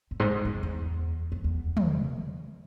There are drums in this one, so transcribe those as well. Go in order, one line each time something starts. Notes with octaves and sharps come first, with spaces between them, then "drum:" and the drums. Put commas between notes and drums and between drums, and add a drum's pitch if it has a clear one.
F2
G#2
F#2
E2
F2
E2
drum: tom